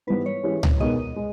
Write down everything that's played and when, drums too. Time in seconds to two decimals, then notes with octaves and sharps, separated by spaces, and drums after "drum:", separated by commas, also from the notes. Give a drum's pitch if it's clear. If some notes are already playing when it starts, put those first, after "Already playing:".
0.07 G#2 E3 G3 B3 B4
0.26 C#5
0.43 E3 G#3 C#4 G4
0.63 drum: tom C#2
0.80 B2 G#3 B3 D#4 A#4 D#5
1.16 G#3